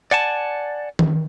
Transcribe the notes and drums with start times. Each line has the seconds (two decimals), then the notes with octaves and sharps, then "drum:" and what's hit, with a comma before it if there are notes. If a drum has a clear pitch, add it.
0.11 D5 F#5 G#5 A5
0.99 drum: tom D#3